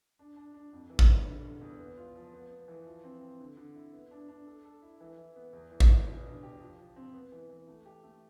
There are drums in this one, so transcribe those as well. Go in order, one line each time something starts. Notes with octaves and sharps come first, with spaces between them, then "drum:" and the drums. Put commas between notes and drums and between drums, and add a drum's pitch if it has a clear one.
D4
D4
D4
F2
E3
drum: kick
G3
D3
D3
E2
B3
F4
F3
B3
B3
E3
F3
C4
C4
D3
D3
E4
B3
D4
D4
A4
A4
E4
E3
E3
B3
E2
E3
drum: kick
E2
B2
D4
G4
F3
F3
C4
B3
E3
E3
A3
G4
A3